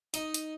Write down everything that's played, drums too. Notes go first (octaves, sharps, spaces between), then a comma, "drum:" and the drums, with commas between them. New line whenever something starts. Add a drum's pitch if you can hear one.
D#4, drum: hi-hat
drum: hi-hat